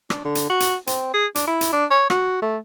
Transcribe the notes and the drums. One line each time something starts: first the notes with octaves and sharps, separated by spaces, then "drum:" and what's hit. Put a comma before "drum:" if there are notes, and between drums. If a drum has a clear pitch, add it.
D4, drum: rim click
D3
drum: hi-hat
F#4
drum: hi-hat
C4, drum: hi-hat
G#4
D4, drum: hi-hat
E4
drum: hi-hat
D4
C#5
F#4, drum: rim click
A3